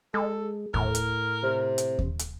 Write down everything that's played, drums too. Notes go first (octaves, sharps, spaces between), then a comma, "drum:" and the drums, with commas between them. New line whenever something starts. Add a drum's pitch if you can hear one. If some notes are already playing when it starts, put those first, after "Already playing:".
G#3 A4
A2 A#4, drum: kick D#2
drum: hi-hat
C3
drum: hi-hat
drum: kick D#2
drum: hi-hat